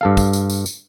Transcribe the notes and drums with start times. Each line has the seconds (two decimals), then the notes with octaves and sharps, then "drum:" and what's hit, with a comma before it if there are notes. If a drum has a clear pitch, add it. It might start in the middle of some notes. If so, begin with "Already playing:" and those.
0.01 G2 A4 F5
0.17 drum: kick, tambourine
0.33 drum: tambourine
0.50 drum: tambourine
0.66 drum: tambourine